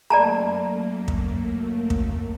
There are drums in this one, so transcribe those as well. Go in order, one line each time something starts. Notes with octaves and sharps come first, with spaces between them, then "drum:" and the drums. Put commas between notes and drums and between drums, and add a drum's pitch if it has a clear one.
F#2 A3 A#3 D5 A5 A#5
drum: kick
drum: kick